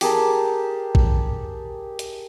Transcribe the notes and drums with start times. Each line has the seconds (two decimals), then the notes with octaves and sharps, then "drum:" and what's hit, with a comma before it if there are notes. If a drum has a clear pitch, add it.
0.01 G4 G#4 A#4 A5, drum: open hi-hat
0.95 drum: kick A#1
1.99 drum: hi-hat